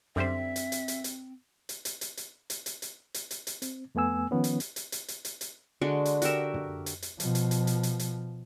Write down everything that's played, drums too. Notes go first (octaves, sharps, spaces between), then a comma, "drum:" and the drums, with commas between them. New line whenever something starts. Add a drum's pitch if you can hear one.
F#2 D3 G3 C4 C5 E5
drum: hi-hat
drum: hi-hat
drum: hi-hat
drum: hi-hat
drum: hi-hat
drum: hi-hat
drum: hi-hat
drum: hi-hat
drum: hi-hat
drum: hi-hat
drum: hi-hat
drum: hi-hat
drum: hi-hat
drum: hi-hat
C4, drum: hi-hat
F2 A3 B3 G#5 E6
D#3 F3 B3 C#4
drum: hi-hat
drum: hi-hat
drum: hi-hat
drum: hi-hat
drum: hi-hat
drum: hi-hat
drum: hi-hat
D3 G#3 D4 F#4
drum: hi-hat
F#4 G4 A#4 E5, drum: hi-hat
drum: tom
drum: hi-hat
drum: hi-hat
B2 F3, drum: hi-hat
drum: hi-hat
drum: hi-hat
drum: hi-hat
drum: hi-hat
drum: hi-hat